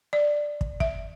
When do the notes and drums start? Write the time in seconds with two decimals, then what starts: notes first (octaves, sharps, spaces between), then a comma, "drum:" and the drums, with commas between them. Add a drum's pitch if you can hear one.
0.13 D5
0.61 drum: kick
0.80 E5, drum: kick